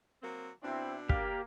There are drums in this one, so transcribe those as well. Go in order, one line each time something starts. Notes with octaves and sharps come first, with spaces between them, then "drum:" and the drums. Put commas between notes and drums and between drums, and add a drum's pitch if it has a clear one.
F#3 A#3 C4
B2 C4 D4 E4
A#3 G4 D5 F5, drum: kick